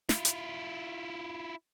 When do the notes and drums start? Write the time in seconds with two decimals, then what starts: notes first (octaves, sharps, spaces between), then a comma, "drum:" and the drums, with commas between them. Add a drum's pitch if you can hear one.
0.09 E4 F4, drum: snare
0.25 drum: hi-hat